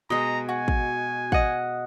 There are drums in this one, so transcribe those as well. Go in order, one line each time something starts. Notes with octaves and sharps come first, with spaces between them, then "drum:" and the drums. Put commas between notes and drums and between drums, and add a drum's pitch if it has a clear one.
B2 G#3 D#5 A#5
F#4 G#5
drum: kick
D#5 F#5, drum: kick